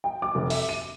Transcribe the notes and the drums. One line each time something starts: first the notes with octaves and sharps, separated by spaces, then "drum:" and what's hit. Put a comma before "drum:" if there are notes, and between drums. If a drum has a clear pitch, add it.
G5
D6
F1
E5, drum: open hi-hat
D#7